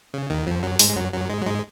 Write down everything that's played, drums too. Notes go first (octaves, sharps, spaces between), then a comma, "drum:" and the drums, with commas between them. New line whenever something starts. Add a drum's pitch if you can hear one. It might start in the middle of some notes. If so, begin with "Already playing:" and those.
C#3
D#2 D#3
F2 F3
F#2 F#3
G#2 G#3, drum: open hi-hat
G#3
F#2 F#3
F#2 F#3
G#2 G#3
F#3
G#2 G#3